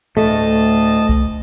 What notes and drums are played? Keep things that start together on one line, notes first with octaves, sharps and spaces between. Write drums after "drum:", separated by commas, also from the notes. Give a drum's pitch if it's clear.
D2 A2 A3 D#5 A5
drum: kick C2